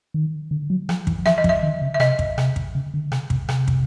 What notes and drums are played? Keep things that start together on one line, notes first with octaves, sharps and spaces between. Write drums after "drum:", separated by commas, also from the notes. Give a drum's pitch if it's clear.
D#3
D3
F#3
F3, drum: rim click
E3, drum: kick
F3 E5, drum: rim click
D#5
F3, drum: kick
E5
D#3
C#3
E5
C3 D#5, drum: rim click
drum: kick
C3, drum: rim click
drum: kick
C#3
D3
C3, drum: rim click
C3, drum: kick
C3, drum: rim click
drum: kick